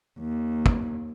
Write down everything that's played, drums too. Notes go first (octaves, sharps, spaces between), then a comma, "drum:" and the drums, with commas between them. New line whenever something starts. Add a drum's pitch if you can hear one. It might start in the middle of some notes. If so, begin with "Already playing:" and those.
D#2
drum: kick